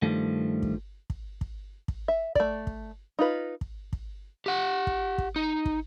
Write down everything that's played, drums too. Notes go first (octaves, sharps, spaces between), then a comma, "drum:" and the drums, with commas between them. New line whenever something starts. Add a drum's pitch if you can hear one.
G2 D#3 F3 G3 A3
drum: kick
drum: kick
drum: kick
drum: kick
E5
A3 D5, drum: kick
drum: kick
D#4 F4 B4
drum: kick
drum: kick
G4 F#5
drum: kick
drum: kick
D#4
drum: kick